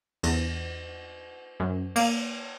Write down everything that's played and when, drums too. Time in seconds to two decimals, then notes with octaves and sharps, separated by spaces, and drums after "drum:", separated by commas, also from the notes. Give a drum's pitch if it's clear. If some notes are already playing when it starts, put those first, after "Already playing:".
0.23 E2, drum: cymbal
1.60 F#2
1.96 A#3, drum: cymbal